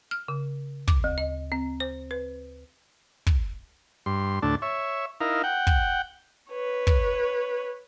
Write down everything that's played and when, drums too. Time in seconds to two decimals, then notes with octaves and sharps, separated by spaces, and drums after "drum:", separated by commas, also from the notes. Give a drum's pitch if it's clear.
0.11 F6
0.28 C#3
0.88 D6, drum: kick
1.04 D2
1.18 D#5
1.52 C4
1.80 C5
2.11 B4
3.27 drum: kick
4.06 G2 C6
4.42 D2 A2 D4 A5
4.62 C#5 E5
5.21 D#4 E4 A#4 F5
5.44 F#5 G5
5.67 drum: kick
6.51 B4 C#5
6.87 drum: kick